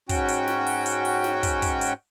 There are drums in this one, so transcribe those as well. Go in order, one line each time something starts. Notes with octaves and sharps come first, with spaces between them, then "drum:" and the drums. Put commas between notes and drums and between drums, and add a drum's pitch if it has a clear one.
G#2 C#4 F#4 G5, drum: kick, hi-hat
drum: hi-hat
drum: snare
drum: open hi-hat
drum: hi-hat
drum: open hi-hat
drum: snare
drum: kick, hi-hat
drum: kick, hi-hat
drum: hi-hat